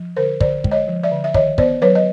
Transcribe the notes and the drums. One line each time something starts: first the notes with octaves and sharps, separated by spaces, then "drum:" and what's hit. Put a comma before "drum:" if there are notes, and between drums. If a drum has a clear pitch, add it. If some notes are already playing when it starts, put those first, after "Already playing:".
Already playing: F3
D3 A#4 C5
D3 C5 D5, drum: kick
G#3, drum: kick
C#5 D#5
F3
D5 E5
D3
E5
D#3 C#5 D#5, drum: kick
B3 C5 D5, drum: kick
F#3 B4 C#5
D#5